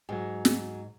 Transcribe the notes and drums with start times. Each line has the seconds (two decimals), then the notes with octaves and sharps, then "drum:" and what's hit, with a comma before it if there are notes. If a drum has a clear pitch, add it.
0.09 G#2 F#3 G#4
0.45 drum: snare